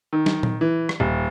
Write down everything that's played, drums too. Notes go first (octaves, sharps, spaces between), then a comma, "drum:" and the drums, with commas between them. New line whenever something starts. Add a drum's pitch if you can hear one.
D#3
drum: snare
drum: tom A#2
E3
drum: rim click
D#1